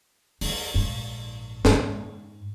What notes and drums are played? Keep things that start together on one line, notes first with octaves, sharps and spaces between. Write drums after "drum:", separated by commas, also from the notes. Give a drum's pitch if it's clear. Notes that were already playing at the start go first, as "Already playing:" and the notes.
E2, drum: open hi-hat
A#1 G#2
G#2, drum: snare